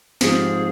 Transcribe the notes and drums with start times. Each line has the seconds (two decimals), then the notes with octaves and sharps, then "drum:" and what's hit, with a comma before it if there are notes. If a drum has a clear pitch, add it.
0.21 G#2 F3 C4 G4 G#4, drum: snare